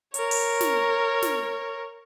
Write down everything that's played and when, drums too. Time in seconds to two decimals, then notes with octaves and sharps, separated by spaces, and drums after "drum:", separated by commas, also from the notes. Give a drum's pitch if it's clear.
0.14 A#4 C#5, drum: hi-hat
0.31 drum: open hi-hat
0.61 drum: snare
1.22 drum: snare